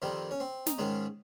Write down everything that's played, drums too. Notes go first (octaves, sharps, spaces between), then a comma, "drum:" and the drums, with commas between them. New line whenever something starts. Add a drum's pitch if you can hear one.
F2 D#3 G3 C4
C#4
C4
D#4, drum: snare
G#2 D#3 G#3 C#4